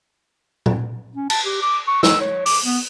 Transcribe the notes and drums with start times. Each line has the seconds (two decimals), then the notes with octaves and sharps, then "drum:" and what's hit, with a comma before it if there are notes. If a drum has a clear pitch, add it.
0.66 drum: tom A#2
1.15 C#4
1.30 A5, drum: cymbal
1.45 G4
1.62 D6
1.87 C#6
2.03 E6, drum: snare
2.21 C#5
2.46 D6, drum: open hi-hat
2.65 B3